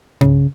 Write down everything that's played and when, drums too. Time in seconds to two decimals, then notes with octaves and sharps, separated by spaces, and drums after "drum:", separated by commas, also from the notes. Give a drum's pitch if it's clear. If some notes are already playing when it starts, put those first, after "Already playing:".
0.21 C#3, drum: tom G2